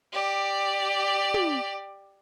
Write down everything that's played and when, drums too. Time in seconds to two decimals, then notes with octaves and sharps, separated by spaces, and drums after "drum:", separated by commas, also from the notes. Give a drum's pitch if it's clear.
0.12 G4 D5
1.34 drum: tom